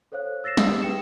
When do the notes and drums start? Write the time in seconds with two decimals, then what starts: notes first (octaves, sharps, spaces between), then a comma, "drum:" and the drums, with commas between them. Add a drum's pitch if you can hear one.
0.12 A4 C5 C#5 F5 F#6
0.44 E6 A6 A#6 C7 E7
0.57 G4 D#6 E6, drum: snare
0.82 G#4 B4 G5 C#7 E7